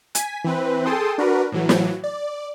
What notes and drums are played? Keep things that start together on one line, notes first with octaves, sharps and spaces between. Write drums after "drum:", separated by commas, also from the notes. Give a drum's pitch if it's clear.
G#5 B6, drum: hi-hat
E3 C4 B4
G#4 A4 G5 A5 C6 D#6
D4 F#4 A#4 B4
A2 E3 F#3
drum: snare
D5